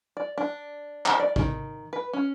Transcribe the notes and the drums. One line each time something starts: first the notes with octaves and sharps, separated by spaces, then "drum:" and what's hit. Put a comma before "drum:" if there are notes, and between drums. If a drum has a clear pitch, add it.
D5
D4
drum: clap
D5
D#3, drum: kick A1
B4
C#4